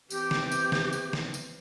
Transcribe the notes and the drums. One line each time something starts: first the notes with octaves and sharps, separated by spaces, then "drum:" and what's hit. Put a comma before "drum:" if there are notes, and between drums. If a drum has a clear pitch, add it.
E3 C4 G4, drum: tambourine
drum: snare
drum: tambourine
drum: snare
drum: tambourine
drum: snare
drum: tambourine